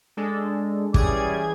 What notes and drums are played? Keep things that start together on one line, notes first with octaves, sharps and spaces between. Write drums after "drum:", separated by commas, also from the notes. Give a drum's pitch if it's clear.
G#3 D4 A4
E3 G3 C#4 G#4 D6 G#6, drum: kick